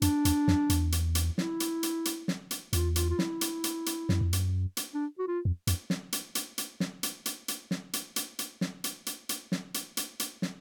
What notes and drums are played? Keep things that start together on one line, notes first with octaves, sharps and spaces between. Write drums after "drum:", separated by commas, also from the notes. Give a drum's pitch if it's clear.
F2 D4, drum: hi-hat
E2, drum: hi-hat
F2, drum: snare
E2, drum: hi-hat
drum: hi-hat
drum: hi-hat
E4, drum: snare
drum: hi-hat
drum: hi-hat
drum: hi-hat
drum: snare
drum: hi-hat
E2 F4, drum: hi-hat
F4, drum: hi-hat
F4
E4, drum: snare
drum: hi-hat
drum: hi-hat
drum: hi-hat
F#2, drum: snare
F2
F#2, drum: hi-hat
drum: hi-hat
D4
F#4
F4
F2
F2, drum: hi-hat
drum: snare
drum: hi-hat
drum: hi-hat
drum: hi-hat
drum: snare
drum: hi-hat
drum: hi-hat
drum: hi-hat
drum: snare
drum: hi-hat
drum: hi-hat
drum: hi-hat
drum: snare
drum: hi-hat
drum: hi-hat
drum: hi-hat
drum: snare
drum: hi-hat
drum: hi-hat
drum: hi-hat
drum: snare